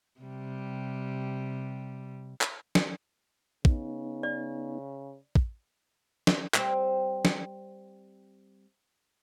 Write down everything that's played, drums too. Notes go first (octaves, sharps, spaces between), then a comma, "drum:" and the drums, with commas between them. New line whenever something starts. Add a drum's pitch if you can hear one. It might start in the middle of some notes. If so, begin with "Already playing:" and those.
C3 G3
drum: clap
drum: snare
C#3 B3 D#4, drum: kick
D5
drum: kick
drum: snare
G3 C4, drum: clap
drum: snare